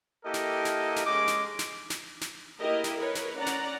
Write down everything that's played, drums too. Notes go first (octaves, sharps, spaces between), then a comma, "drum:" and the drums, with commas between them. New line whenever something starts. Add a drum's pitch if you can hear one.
A#3 E4 G4 A4 A#4 D#5
drum: snare
drum: snare
drum: snare
G#3 C#4 G#4 D#5 D6
drum: snare
drum: snare
drum: snare
drum: snare
A#3 E4 G4 A#4 D#5
drum: snare
A#4 B4 C#5
drum: snare
C#4 D5 F#5 A#5
drum: snare